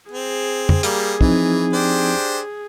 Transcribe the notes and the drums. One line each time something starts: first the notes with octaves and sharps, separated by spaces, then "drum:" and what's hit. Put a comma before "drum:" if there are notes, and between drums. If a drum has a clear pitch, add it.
C4 G#4
drum: tom F2
G3 A#3, drum: hi-hat
E3 F3 C4 D#4, drum: kick
D4 G4 C5